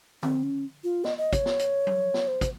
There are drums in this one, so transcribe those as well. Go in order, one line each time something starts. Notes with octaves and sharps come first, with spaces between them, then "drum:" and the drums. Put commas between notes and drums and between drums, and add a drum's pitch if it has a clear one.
C4, drum: tom D3
C#4
F4
D#5, drum: snare
D#5
C#5, drum: kick, hi-hat
drum: snare
drum: hi-hat
drum: tom F#3
drum: snare
C5
drum: kick, hi-hat